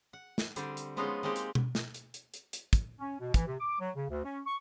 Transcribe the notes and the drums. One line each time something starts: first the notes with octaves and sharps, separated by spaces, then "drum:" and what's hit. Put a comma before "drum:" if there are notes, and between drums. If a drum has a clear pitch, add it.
F#5
drum: snare
D3 G3 C4, drum: hi-hat
drum: hi-hat
F3 G#3 B3 C#4 D#4 F4
G#3 A#3 C4 D#4 G4
drum: hi-hat
drum: tom B2
drum: snare
drum: hi-hat
drum: hi-hat
drum: hi-hat
drum: hi-hat
drum: kick, hi-hat
C#4
B2
E3, drum: kick, hi-hat
C3
D6
F#3
C#3
D2
C#4
C#6